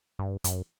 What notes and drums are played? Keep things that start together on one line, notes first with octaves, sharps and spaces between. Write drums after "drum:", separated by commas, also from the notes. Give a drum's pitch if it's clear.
G2
F#2, drum: hi-hat